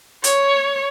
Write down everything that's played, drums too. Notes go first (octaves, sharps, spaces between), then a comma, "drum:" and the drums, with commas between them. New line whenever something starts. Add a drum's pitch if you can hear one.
C#5, drum: hi-hat